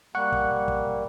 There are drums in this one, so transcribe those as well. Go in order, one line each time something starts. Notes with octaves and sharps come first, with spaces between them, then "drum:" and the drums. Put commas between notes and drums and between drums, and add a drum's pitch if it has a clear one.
G3 A#3 F#5 C#6 F#6
drum: kick
drum: kick